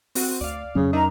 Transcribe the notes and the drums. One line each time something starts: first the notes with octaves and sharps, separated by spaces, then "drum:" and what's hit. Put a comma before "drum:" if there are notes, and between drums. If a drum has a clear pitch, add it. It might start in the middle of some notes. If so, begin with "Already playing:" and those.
C4 F#4, drum: open hi-hat
D2 D5 F5
F2 C#3 F#3 C#4
D4 D#4 A#4 D#5 E5 A#5